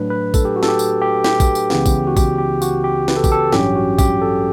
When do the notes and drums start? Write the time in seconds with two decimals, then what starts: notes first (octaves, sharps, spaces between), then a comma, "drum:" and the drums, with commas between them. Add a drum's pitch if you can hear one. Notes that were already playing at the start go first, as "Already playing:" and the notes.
Already playing: A2 F#3 A3 D4 B4
0.10 B4
0.34 A4, drum: kick, tambourine
0.45 G4
0.56 F#4
0.63 A4, drum: snare
0.68 G4
0.79 drum: tambourine
1.01 G4
1.24 G4, drum: snare
1.40 drum: kick, tambourine
1.55 drum: tambourine
1.70 C#2 C#3 E3 B3, drum: snare
1.86 drum: kick, tambourine
2.07 F#4
2.17 G4, drum: kick, tambourine
2.38 G4
2.62 F#4, drum: tambourine
2.84 G4
3.08 B4, drum: snare
3.16 A4
3.24 G4, drum: kick, tambourine
3.32 A4
3.52 A1 G2 F#3 C#4 G4, drum: snare
3.75 F#4
3.99 G4, drum: kick, tambourine
4.22 A4